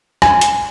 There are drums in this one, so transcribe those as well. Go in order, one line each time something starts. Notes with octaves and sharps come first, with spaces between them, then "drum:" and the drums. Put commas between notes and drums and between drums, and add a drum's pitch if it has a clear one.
G#5, drum: rim click
drum: hi-hat